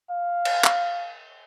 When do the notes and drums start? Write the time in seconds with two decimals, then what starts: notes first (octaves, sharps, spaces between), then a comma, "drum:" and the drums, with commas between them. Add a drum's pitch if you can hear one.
0.10 F5
0.45 drum: cymbal
0.64 drum: clap